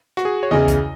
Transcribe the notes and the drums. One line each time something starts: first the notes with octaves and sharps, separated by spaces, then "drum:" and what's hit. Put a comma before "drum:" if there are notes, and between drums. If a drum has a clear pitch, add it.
F#4, drum: rim click
G#4
C#5
E2 C#3 E3 D#5
drum: kick C2, hi-hat